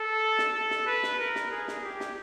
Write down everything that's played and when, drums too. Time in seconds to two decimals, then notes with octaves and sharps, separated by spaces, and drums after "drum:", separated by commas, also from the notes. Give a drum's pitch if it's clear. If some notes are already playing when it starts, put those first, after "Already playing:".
Already playing: A4
0.38 drum: snare
0.54 A4
0.71 drum: snare
0.87 B4
1.03 drum: snare
1.20 A#4
1.35 drum: snare
1.51 G#4
1.68 drum: snare
1.84 G4
2.00 drum: snare